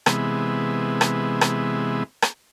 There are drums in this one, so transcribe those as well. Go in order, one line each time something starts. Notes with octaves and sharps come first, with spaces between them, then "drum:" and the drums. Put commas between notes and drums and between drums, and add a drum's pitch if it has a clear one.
C3 E3 G#3 B3, drum: rim click
drum: rim click
drum: rim click
drum: rim click